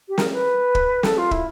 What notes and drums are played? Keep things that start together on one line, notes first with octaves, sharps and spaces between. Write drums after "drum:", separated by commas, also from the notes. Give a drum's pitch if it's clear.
G4
A#4, drum: snare
B4
drum: kick
A4, drum: snare
F4
E4, drum: kick